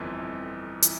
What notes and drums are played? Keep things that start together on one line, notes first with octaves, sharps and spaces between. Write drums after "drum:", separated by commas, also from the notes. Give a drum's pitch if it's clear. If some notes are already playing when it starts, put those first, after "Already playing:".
Already playing: G1 F2 E3
E3, drum: hi-hat